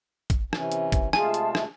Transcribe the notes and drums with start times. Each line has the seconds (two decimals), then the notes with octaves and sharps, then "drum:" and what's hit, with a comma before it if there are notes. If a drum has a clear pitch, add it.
0.30 drum: kick, hi-hat
0.53 C3 E3 C#4, drum: rim click
0.72 drum: hi-hat
0.92 drum: kick, hi-hat
1.13 C3 G#3 A3 F4 G#4 G#5 A5, drum: rim click
1.34 drum: hi-hat
1.55 drum: rim click